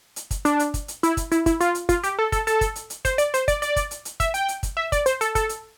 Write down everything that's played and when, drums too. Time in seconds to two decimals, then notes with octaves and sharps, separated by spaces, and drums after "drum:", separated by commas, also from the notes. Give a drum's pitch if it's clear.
0.16 drum: hi-hat
0.31 drum: kick, hi-hat
0.45 D4, drum: hi-hat
0.59 drum: hi-hat
0.74 drum: kick, hi-hat
0.88 drum: hi-hat
1.03 E4, drum: hi-hat
1.17 drum: kick, hi-hat
1.31 E4, drum: hi-hat
1.46 E4, drum: kick, hi-hat
1.60 F4, drum: hi-hat
1.75 drum: hi-hat
1.89 F4, drum: kick, hi-hat
2.03 G4, drum: hi-hat
2.19 A4
2.32 A4, drum: kick, hi-hat
2.47 A4, drum: hi-hat
2.61 drum: kick, hi-hat
2.76 drum: hi-hat
2.90 drum: hi-hat
3.05 C5, drum: kick, hi-hat
3.18 D5, drum: hi-hat
3.34 C5, drum: hi-hat
3.48 D5, drum: kick, hi-hat
3.62 D5, drum: hi-hat
3.76 drum: kick, hi-hat
3.91 drum: hi-hat
4.05 drum: hi-hat
4.20 E5, drum: kick, hi-hat
4.34 G5, drum: hi-hat
4.48 drum: hi-hat
4.63 drum: kick, hi-hat
4.77 E5
4.92 D5, drum: kick, hi-hat
5.06 C5, drum: hi-hat
5.21 A4, drum: hi-hat
5.35 A4, drum: kick, hi-hat
5.49 drum: hi-hat